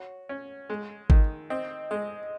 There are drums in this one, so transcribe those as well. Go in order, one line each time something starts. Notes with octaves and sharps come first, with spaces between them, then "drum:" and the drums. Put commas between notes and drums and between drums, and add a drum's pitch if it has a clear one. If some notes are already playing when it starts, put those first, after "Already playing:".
Already playing: F#4 C#5
C#4
G#3
D#3, drum: kick G#1
C4 D#5
G#3 D#5